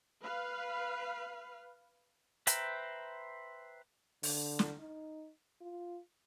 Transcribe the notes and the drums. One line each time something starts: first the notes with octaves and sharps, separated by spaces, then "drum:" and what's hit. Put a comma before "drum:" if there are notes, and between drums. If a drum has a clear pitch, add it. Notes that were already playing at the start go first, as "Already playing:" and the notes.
B4 F5
B4 C5 E5 G5 A#5, drum: hi-hat
D3, drum: open hi-hat
drum: snare
D#4
F4